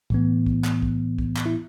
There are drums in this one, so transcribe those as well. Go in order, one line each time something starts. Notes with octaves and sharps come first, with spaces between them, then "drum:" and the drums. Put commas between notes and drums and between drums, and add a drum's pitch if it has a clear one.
A2 E3 B3, drum: kick
drum: kick
drum: clap
drum: kick
drum: kick
drum: clap
E4